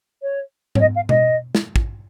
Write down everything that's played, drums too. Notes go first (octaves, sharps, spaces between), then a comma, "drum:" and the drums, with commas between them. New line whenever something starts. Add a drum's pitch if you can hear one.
C#5
C#5, drum: tom G#2
D#5
F5
D#5, drum: tom B2
drum: snare
drum: kick